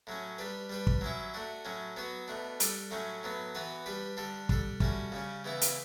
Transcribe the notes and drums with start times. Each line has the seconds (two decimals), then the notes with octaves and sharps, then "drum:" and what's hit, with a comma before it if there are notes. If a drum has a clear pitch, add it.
0.07 A2 F#3 C#4
0.38 G3 D4 G4 B4
0.70 G3 D4 G4 B4
0.87 drum: kick
1.01 F#3 C#4 E4
1.34 A3 D4 F#4
1.65 A2 F#3 C#4
1.96 F#3 B3 F#4
2.28 B2 A3 D4
2.60 G3 D4 A4, drum: hi-hat
2.91 A2 F#3 A3 C#4
3.23 A2 F#3 B3
3.55 E3 B3 F#4 B4
3.86 G3 D4 G4 B4
4.17 D3 G3 D4 A4
4.49 G3 D4 A4, drum: kick
4.80 A2 G3 C#4 F#4, drum: kick
5.12 C#3 G3 C#4
5.44 C#3 E3 B3 E4
5.61 drum: hi-hat